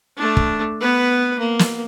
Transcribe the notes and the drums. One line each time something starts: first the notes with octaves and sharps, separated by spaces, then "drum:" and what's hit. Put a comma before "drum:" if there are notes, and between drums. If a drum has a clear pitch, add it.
A3 D4
drum: kick
B3 B4
A#3
drum: snare